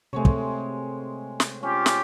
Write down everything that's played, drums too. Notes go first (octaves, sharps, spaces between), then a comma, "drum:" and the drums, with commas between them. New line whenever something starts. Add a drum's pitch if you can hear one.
C3 G#3 A3 C4 C#5
drum: kick
drum: snare
C#4 F4 G4
drum: snare